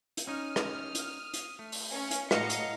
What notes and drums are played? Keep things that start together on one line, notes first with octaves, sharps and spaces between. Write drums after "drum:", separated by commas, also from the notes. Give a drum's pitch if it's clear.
drum: hi-hat
C#4 D#4 D#6 F6
drum: rim click
drum: hi-hat
drum: hi-hat
A3
drum: open hi-hat
C#4
drum: hi-hat
A2 F#4 D#5 F5 A#5 C#7, drum: rim click
drum: hi-hat